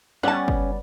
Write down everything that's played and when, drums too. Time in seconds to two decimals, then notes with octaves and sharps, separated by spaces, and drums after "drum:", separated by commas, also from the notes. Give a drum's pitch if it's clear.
0.23 G3 B3 C#4 D5 F#5 A5
0.48 drum: kick